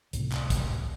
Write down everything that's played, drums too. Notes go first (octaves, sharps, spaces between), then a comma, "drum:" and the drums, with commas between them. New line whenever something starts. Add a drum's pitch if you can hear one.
C#2 A2 C3, drum: hi-hat
drum: clap
drum: kick, hi-hat